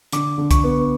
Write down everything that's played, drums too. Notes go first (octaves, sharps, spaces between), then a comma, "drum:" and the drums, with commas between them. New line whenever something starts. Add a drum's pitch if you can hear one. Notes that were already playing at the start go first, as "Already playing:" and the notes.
D3 D6, drum: hi-hat
D3
C#6, drum: kick C2, hi-hat
B3